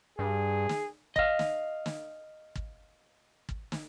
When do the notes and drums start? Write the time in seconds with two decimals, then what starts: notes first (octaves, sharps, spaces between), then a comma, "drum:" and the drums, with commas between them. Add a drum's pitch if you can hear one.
0.19 G2 G#4
0.69 drum: snare
1.16 D#5 F5, drum: kick
1.39 drum: snare
1.86 drum: snare
2.55 drum: kick
3.49 drum: kick
3.72 drum: snare